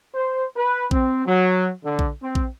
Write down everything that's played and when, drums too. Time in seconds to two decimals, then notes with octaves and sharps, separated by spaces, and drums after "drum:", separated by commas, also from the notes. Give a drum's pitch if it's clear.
0.15 C5
0.56 B4
0.91 C4, drum: kick A#1
1.26 F#3
1.83 D3
1.99 drum: kick A#1
2.21 C4
2.35 drum: kick A#1